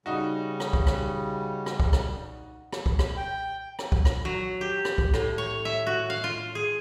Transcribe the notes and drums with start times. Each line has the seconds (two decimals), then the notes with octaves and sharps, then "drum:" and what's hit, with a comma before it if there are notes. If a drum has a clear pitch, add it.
0.06 C#3 G3 D#4 F#4
0.60 drum: rim click
0.73 drum: kick
0.87 drum: rim click
1.66 drum: rim click
1.80 drum: kick
1.93 drum: rim click
2.73 drum: rim click
2.86 drum: kick
2.99 drum: rim click
3.17 G5
3.79 drum: rim click
3.92 drum: kick
4.05 drum: rim click
4.25 F#3
4.61 G4
4.85 drum: rim click
4.98 drum: kick
5.14 A2, drum: rim click
5.38 C#5
5.65 E5
5.87 F#4
6.10 F5
6.24 F4
6.55 G#4